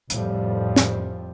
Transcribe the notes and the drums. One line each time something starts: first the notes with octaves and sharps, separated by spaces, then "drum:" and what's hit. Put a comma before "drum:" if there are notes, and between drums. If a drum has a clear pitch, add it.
F1 F2 A2 F3 G3, drum: hi-hat
drum: snare